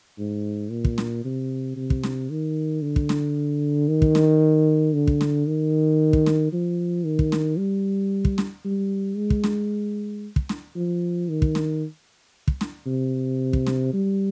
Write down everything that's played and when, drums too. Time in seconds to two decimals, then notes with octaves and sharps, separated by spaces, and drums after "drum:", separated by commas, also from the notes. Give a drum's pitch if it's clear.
0.19 G#2
0.71 A#2
0.85 drum: kick
0.98 drum: snare
1.25 C3
1.76 C3
1.90 drum: kick
2.03 drum: snare
2.30 D#3
2.82 D3
2.96 drum: kick
3.09 drum: snare
3.88 D#3
4.02 drum: kick
4.15 drum: snare
4.94 D3
5.07 drum: kick
5.21 drum: snare
5.47 D#3
6.13 drum: kick
6.26 drum: snare
6.53 F3
7.05 D#3
7.19 drum: kick
7.32 drum: snare
7.58 G3
8.25 drum: kick
8.38 drum: snare
8.65 G3
9.17 G#3
9.30 drum: kick
9.44 drum: snare
10.36 drum: kick
10.49 drum: snare
10.76 F3
11.29 D#3
11.42 drum: kick
11.55 drum: snare
12.48 drum: kick
12.61 drum: snare
12.87 C3
13.53 drum: kick
13.67 drum: snare
13.93 G3